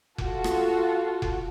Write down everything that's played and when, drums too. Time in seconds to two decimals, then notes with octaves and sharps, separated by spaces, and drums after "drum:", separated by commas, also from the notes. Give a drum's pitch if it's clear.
0.18 F4 F#4 A4, drum: kick F1
0.44 drum: rim click
1.22 drum: kick F1